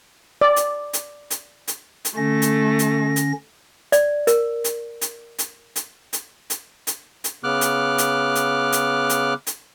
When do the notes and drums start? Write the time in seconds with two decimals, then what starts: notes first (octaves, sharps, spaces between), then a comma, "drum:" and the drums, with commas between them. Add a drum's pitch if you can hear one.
0.41 D5
0.56 drum: hi-hat
0.93 drum: hi-hat
1.30 drum: hi-hat
1.68 drum: hi-hat
2.05 drum: hi-hat
2.17 D3 A3 C#4 A#6
2.42 drum: hi-hat
2.79 drum: hi-hat
3.16 drum: hi-hat
3.92 D5, drum: hi-hat
4.27 A#4, drum: hi-hat
4.64 drum: hi-hat
5.01 drum: hi-hat
5.39 drum: hi-hat
5.76 drum: hi-hat
6.13 drum: hi-hat
6.50 drum: hi-hat
6.87 drum: hi-hat
7.24 drum: hi-hat
7.44 C#3 B3 D6 F6 F#6
7.61 drum: hi-hat
7.98 drum: hi-hat
8.35 drum: hi-hat
8.72 drum: hi-hat
9.10 drum: hi-hat
9.47 drum: hi-hat